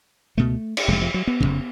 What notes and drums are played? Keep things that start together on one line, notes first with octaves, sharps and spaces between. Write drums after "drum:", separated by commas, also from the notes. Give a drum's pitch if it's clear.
C#2 B2 A3
drum: cymbal
F1 F2 C#3 G#3
F3
F#3
B3
F1 F2 C#3